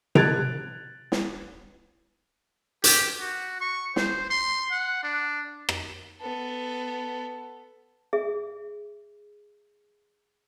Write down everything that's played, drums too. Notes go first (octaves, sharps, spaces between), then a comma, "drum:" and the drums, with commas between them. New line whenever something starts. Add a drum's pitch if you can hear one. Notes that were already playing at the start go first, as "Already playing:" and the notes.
F#6 G#6 A6 D7 F7, drum: tom C3
drum: snare
G4, drum: hi-hat
F#4
C#6
C5, drum: snare
C6
F#5
D4
drum: rim click
B3 A4
G#4 E5